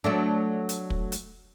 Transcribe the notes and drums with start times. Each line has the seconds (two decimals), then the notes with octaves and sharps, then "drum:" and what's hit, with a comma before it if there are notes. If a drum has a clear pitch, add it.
0.04 F#3 A3 D4
0.69 drum: hi-hat
0.90 drum: kick
1.12 drum: hi-hat